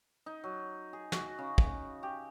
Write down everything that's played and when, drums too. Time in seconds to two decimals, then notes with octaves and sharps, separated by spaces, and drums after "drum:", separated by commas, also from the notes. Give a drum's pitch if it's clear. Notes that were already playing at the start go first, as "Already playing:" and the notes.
0.26 D#4
0.44 F#3
0.93 G#4
1.12 F#4, drum: snare
1.38 C#3
1.58 drum: kick
2.03 G4